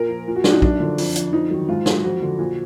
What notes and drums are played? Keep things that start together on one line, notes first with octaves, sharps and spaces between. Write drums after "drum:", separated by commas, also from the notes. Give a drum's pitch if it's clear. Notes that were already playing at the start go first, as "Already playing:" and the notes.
Already playing: A#2 A#4
F3
A#2
F#4
F#3 D4, drum: snare
D#4
F#2 D4, drum: kick
D3 F3
F2, drum: open hi-hat
F3, drum: hi-hat
F2 D#4
D#3 F#3
G#2 F4
F#3, drum: snare
F2 F#4
D3 F3
A#2